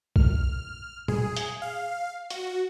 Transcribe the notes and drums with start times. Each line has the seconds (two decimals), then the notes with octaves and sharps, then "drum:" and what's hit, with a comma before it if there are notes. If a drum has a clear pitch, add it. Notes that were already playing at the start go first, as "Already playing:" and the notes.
0.16 F6, drum: kick
1.08 G#4, drum: tom
1.36 drum: hi-hat
1.62 F5
2.30 F#4, drum: hi-hat